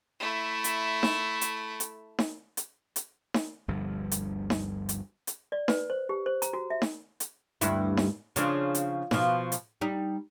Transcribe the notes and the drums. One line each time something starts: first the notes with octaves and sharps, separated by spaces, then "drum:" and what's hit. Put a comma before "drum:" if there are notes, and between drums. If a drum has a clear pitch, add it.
A3 E4
drum: hi-hat
drum: snare D#4
drum: hi-hat
drum: hi-hat
drum: snare D#4
drum: hi-hat
drum: hi-hat
drum: snare D#4
G1 D2 G2 F3
drum: hi-hat
drum: snare D#4
drum: hi-hat
drum: hi-hat
D5
B4, drum: snare D#4
C5
G4
C5
A#5, drum: hi-hat
F#4
E5
drum: snare D#4
drum: hi-hat
D2 G2 E4, drum: hi-hat
drum: snare D#4
C#3 F3 D4, drum: hi-hat
drum: hi-hat
B2 F3, drum: snare D#4
drum: hi-hat
G3 D#4